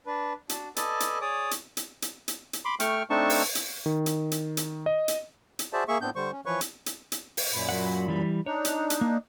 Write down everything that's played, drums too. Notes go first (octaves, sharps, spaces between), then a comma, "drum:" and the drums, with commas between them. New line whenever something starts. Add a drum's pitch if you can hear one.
D4 B4
D4 F#4, drum: hi-hat
A4 B4 D5 D#5 G#5 A5, drum: hi-hat
drum: hi-hat
G#4 C#5 D5 D6 D#6
drum: hi-hat
drum: hi-hat
drum: hi-hat
drum: hi-hat
drum: hi-hat
B5 C6 D6
A3 G5 C#6 F6, drum: hi-hat
A3 C4 D4 D#4 A5 C#6
drum: open hi-hat
drum: hi-hat
D#3
drum: hi-hat
drum: hi-hat
drum: hi-hat
D#5
drum: hi-hat
drum: hi-hat
F#4 G#4 C5 D5 E5 A5
A#3 G#4 E5 C#6
A2 B3 C4 D4 G6
D3 G3 C5 C#6
C#4
E3 F3 B4 C#5 C#6
drum: hi-hat
drum: hi-hat
drum: hi-hat
drum: open hi-hat
F#2 A#2 B5
F#3 F#5
E3 G3
D4 D#4 C#5
drum: hi-hat
drum: hi-hat
A#3